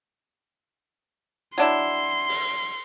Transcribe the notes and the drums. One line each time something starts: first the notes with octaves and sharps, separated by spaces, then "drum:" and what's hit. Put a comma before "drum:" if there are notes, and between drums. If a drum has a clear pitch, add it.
F#3 D4 E4 C6, drum: hi-hat
drum: open hi-hat